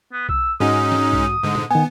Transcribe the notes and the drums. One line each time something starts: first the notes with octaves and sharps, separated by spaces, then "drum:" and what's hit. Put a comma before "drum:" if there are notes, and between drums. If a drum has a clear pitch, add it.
B3
E6, drum: kick B1
G#2 G#3 C#4 D#4 F#4 D#6
drum: snare
drum: kick B1
G#2 D3 G#3
drum: tom A#2
D#3 B3 G#5